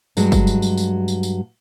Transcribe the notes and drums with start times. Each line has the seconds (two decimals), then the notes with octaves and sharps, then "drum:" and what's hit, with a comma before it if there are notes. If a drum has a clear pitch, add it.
0.17 G2 F#3 G#3, drum: tambourine
0.32 drum: kick, tambourine
0.47 drum: tambourine
0.62 drum: tambourine
0.78 drum: tambourine
1.08 drum: tambourine
1.23 drum: tambourine